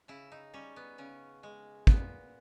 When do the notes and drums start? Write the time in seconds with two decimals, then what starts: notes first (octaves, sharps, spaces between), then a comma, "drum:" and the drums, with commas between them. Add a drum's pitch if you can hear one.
0.08 C#3 E4
0.32 D#4
0.54 G3 C#4
0.76 B3
0.98 C#3 C#4
1.43 G#3
1.87 A#2 B3, drum: kick